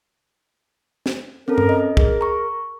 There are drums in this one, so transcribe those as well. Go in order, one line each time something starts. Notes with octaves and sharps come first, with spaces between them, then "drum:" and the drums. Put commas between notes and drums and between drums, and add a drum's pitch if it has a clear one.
drum: snare
C4 C#4 A4 A#4
drum: tom G2
D#5
G#4 A#4, drum: kick
A#5 C#6